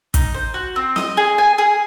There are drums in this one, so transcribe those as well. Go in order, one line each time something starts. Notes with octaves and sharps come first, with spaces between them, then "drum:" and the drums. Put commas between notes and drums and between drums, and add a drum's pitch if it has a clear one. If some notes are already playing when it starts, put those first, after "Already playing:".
D#4, drum: kick, hi-hat
C5
F#4
C4
D#5, drum: snare
G#4
G#5
G#4